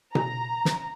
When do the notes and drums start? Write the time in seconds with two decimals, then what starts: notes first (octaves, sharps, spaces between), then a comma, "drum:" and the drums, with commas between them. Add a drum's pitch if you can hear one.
0.15 A#5, drum: tom B2
0.65 drum: snare